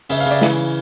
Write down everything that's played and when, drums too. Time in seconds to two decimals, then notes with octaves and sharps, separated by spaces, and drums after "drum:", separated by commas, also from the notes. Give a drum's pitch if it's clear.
0.09 C#3 E5, drum: open hi-hat
0.20 F5
0.26 C#3 D5 E5
0.41 E3, drum: snare